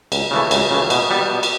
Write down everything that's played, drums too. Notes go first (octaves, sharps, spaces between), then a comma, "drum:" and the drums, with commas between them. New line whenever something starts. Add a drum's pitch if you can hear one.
C#2, drum: cymbal
C#3 E3 A3
C#2, drum: cymbal
C#3 E3 A3
B2, drum: cymbal
G3 B3
B2
drum: cymbal